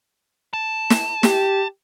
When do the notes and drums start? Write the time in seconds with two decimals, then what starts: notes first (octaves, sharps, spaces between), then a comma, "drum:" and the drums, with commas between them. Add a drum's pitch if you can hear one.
0.53 A5
0.90 drum: snare
1.23 G4, drum: snare